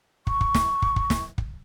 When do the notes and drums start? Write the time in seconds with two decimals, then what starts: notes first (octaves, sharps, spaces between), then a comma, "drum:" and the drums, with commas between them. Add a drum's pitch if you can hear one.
0.27 C#6, drum: kick
0.41 drum: kick
0.55 drum: snare
0.82 drum: kick
0.96 drum: kick
1.10 drum: snare
1.38 drum: kick